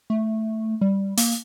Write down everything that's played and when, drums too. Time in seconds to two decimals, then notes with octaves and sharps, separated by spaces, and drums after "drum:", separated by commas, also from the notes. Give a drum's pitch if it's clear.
0.10 A3
0.81 G3
1.17 A#3, drum: open hi-hat